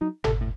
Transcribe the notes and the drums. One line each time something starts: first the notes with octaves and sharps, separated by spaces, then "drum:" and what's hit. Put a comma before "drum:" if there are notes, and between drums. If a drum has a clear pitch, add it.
F#3 D#4
C3 A4, drum: tom G1
A2